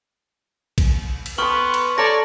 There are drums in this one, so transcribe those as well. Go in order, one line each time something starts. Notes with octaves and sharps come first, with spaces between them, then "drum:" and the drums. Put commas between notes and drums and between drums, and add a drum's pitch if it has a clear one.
drum: kick, cymbal
drum: cymbal
B3 G5 C6 C#6 F6 F#7
drum: cymbal
A4 C#5 D5 A5 A#5 A#6